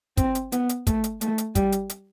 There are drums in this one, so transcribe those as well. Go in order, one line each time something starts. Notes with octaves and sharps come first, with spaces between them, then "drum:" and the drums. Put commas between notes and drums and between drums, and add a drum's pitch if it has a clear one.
C4, drum: kick, hi-hat
drum: hi-hat
B3, drum: hi-hat
drum: hi-hat
A3, drum: kick, hi-hat
drum: hi-hat
A3, drum: hi-hat
drum: hi-hat
G3, drum: kick, hi-hat
drum: hi-hat
drum: hi-hat